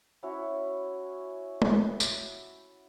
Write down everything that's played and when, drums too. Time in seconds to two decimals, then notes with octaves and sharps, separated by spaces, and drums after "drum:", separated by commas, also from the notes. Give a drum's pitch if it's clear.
0.23 C#4 E4 F#4 C#5
1.62 drum: tom
2.00 drum: tambourine